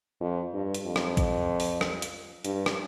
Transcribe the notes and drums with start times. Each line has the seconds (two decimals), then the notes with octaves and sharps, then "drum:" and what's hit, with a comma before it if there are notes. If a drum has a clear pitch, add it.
0.21 F2
0.53 G2
0.75 drum: hi-hat
0.86 F2
0.96 drum: rim click
1.17 drum: kick A#1, hi-hat
1.60 drum: open hi-hat
1.81 drum: rim click
2.02 drum: hi-hat
2.45 G2, drum: hi-hat
2.66 drum: rim click